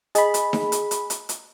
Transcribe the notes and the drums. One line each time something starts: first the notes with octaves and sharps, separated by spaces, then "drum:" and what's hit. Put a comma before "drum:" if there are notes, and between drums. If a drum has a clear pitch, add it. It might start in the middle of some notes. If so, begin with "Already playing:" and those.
G#4 D#5 B5, drum: hi-hat
drum: hi-hat
drum: snare D#4
drum: hi-hat
drum: hi-hat
drum: hi-hat
drum: hi-hat